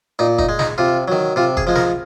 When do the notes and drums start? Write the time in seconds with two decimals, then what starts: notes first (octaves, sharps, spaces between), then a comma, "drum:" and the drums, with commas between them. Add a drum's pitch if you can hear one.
0.19 A#2 D#4
0.39 D#4, drum: kick
0.49 G#3
0.59 D#4, drum: snare
0.78 C3 F4
1.08 D#3 F#3
1.36 C3 F4
1.57 G#4, drum: kick
1.67 F3 G#3
1.76 A#4, drum: snare